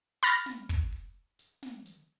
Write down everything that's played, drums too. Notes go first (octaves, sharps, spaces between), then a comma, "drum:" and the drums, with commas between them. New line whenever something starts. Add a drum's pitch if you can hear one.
B5 F6 A6 A#6, drum: open hi-hat
drum: snare
drum: kick, hi-hat
drum: open hi-hat
drum: hi-hat
drum: snare
drum: hi-hat